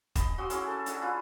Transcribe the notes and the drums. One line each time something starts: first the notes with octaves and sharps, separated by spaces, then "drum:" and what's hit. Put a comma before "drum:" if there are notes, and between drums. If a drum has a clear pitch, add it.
D#5 B5, drum: kick, hi-hat
F#4 C6 D#6 E6
C#4 E4 G#4 D6, drum: hi-hat
A4 A5
D4 E4 G#4, drum: hi-hat
F4 B4